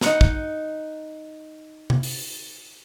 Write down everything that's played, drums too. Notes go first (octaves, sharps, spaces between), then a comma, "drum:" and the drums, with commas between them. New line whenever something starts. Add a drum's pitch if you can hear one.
D#4 F#5 A#5, drum: snare
drum: kick
drum: tom C3
drum: open hi-hat